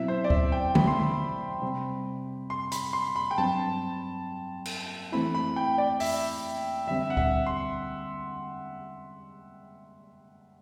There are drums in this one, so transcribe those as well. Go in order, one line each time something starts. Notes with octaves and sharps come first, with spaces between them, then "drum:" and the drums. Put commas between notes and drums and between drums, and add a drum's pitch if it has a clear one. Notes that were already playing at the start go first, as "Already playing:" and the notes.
Already playing: B2 F#3 C4 E4 E5
C5
D5
E5, drum: kick C#2
G5
B5, drum: tom D3
C6
B5
C3 G3 C4
C6
B5, drum: hi-hat
C6
B5
G5
G2 F#3 C4 A5
drum: cymbal
E3 A3 C4 E4 B5
B5
G5
D5
E5, drum: open hi-hat
E2 D3 G3 C4 E5
F#5
E5, drum: kick C#2
C6